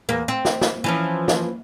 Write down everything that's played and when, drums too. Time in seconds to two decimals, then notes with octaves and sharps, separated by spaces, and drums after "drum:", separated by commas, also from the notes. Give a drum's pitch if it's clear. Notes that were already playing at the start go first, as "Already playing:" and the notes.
0.09 E2 A#3
0.28 C4
0.45 drum: snare
0.61 drum: snare
0.84 E3 F3 C#4
1.28 drum: snare